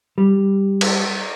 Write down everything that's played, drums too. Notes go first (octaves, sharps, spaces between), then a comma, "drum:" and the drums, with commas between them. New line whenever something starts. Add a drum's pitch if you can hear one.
G3
drum: cymbal